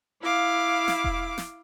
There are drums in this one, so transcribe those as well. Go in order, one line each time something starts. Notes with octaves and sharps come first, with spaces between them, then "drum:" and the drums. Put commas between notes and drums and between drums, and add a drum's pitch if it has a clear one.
E4 F5 D6
drum: snare
drum: kick E1
drum: snare